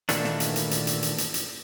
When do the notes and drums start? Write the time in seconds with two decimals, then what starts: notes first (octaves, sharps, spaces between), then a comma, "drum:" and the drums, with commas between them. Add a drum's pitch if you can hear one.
0.09 A#2 D#3 E3 A3 D4, drum: hi-hat
0.24 drum: snare
0.40 drum: hi-hat
0.56 drum: hi-hat
0.71 drum: hi-hat
0.87 drum: hi-hat
1.03 drum: hi-hat
1.18 drum: hi-hat
1.34 drum: hi-hat